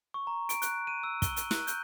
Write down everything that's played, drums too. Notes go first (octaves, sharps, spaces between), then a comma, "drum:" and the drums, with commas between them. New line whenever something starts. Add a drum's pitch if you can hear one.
C#6
A#5
D7, drum: hi-hat
F#6, drum: hi-hat
D#7
E6
G7, drum: kick, hi-hat
drum: hi-hat
F#6, drum: snare
G6, drum: hi-hat